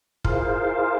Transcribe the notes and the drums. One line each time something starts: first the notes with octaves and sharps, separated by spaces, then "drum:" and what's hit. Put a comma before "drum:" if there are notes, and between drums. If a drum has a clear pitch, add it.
E4 F4 G#4 A#4 C5 F5, drum: kick